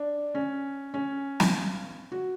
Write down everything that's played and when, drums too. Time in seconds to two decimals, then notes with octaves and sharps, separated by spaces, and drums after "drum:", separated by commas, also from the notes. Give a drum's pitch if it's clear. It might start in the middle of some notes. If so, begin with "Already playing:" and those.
Already playing: D4
0.35 C#4
0.94 C#4
1.40 drum: snare
2.12 F#4